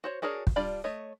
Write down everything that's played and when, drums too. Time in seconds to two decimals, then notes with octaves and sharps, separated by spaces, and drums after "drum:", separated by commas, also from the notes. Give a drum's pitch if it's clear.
0.04 F#4 C5 C#5
0.22 D4 F#4 G#4 A#4 C#5
0.47 drum: kick
0.56 G3 D4 F4 D5 B5
0.84 A3 C#5 D#5